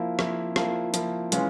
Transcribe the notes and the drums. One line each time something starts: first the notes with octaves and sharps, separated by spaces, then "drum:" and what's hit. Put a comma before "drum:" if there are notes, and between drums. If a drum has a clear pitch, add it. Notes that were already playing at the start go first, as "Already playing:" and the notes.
Already playing: F3 A#3 E4
F3 A#3 E4, drum: rim click
F3 A#3 E4, drum: rim click
F3 A#3 E4, drum: hi-hat
E3 G#3 C#4 F4, drum: hi-hat